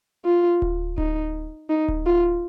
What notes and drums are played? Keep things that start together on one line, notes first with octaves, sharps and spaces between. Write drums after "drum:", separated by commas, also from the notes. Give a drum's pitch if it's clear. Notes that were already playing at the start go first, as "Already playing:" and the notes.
F4
drum: kick D1
D#4, drum: kick D1
D#4
drum: kick D1
F4